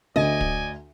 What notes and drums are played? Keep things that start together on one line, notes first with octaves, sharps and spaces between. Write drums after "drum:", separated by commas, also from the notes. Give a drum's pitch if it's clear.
D2 D5 D#5 G#5
drum: kick